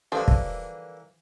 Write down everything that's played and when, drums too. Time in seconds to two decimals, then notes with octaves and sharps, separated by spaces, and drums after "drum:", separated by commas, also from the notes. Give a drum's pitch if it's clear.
0.12 D3 E3 F3 G3 A#3 A4
0.28 drum: kick